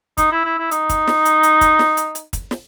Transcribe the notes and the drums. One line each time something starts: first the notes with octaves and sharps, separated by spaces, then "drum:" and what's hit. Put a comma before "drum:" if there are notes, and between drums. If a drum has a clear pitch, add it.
D#4, drum: kick, hi-hat
E4
E4
E4
D#4, drum: hi-hat
drum: kick, hi-hat
drum: snare
drum: hi-hat
drum: hi-hat
drum: kick, hi-hat
drum: snare
drum: hi-hat
drum: hi-hat
drum: kick, hi-hat
drum: snare